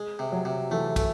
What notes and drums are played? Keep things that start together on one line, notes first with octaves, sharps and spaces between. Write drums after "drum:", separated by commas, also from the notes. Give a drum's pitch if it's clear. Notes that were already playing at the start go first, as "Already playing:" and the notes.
Already playing: G#3
C3
F#3
C3
E3 A3
A3, drum: kick, cymbal